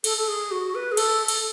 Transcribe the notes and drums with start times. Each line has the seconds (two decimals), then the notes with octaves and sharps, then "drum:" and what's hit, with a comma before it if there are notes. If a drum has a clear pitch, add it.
0.04 A4, drum: cymbal
0.17 A4
0.28 G#4
0.51 F#4
0.75 B4
0.92 G#4
0.97 A4, drum: cymbal
1.28 drum: cymbal